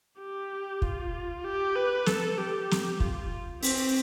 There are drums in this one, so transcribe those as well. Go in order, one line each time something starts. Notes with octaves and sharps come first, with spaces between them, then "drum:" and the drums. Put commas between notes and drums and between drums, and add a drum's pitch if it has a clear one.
G4
F4, drum: kick
G4
B4
A4, drum: snare
G4
drum: snare
F4, drum: kick
C4, drum: open hi-hat